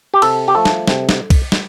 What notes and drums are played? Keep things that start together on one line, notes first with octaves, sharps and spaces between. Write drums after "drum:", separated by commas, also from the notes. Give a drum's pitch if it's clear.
G4
C3 A4, drum: cymbal
G4
F3 A3 A4
drum: snare
C3, drum: snare
drum: snare
drum: kick, cymbal
drum: snare